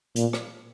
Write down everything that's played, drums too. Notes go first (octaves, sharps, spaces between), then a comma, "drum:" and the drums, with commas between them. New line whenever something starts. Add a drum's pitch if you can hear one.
A#2, drum: hi-hat
drum: rim click